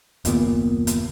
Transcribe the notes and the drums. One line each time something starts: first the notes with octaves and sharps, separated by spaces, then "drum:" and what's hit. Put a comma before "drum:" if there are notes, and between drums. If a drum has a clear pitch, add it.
F#1 D#2 A#2 B3, drum: hi-hat
drum: hi-hat